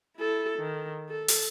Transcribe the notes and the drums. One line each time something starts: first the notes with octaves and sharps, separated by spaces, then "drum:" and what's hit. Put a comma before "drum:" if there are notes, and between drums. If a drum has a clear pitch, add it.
E4 A4
D#3
A4
drum: open hi-hat